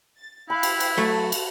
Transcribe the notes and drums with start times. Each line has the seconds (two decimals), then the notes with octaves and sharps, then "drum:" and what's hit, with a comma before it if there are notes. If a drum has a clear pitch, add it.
0.17 A6
0.50 E4 F5 G5 B5 F#6
0.63 drum: cymbal
0.80 drum: cymbal
0.98 F#3 A3 F#4 A4
1.32 drum: cymbal